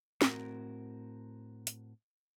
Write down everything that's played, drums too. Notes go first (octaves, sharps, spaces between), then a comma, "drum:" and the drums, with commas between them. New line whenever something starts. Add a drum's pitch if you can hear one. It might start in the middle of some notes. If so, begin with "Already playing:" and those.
A2 C4 F#4 A#4, drum: snare
drum: hi-hat